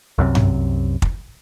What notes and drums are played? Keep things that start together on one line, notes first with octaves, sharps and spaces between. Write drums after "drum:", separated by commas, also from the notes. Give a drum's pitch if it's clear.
C2 F#2 C3
drum: tom G2
drum: kick